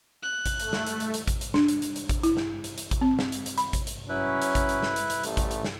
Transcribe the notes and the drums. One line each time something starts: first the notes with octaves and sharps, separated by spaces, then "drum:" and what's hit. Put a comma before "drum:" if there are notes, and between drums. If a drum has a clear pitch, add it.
F#6
drum: kick A1, hi-hat
A3, drum: hi-hat
drum: snare
drum: hi-hat
drum: hi-hat
drum: hi-hat
drum: kick A1, hi-hat
drum: hi-hat
D4, drum: snare
drum: hi-hat
drum: hi-hat
drum: hi-hat
drum: kick A1, hi-hat
E4, drum: hi-hat
drum: snare
drum: hi-hat
drum: hi-hat
drum: kick A1, hi-hat
C4
drum: snare
drum: hi-hat
drum: hi-hat
B5, drum: hi-hat
drum: kick A1, hi-hat
drum: hi-hat
F#3 C#4 E4 B4
drum: hi-hat
drum: kick A1, hi-hat
drum: hi-hat
drum: snare
drum: hi-hat
drum: hi-hat
A1 G3 A3, drum: hi-hat
drum: kick A1, hi-hat
drum: hi-hat
drum: snare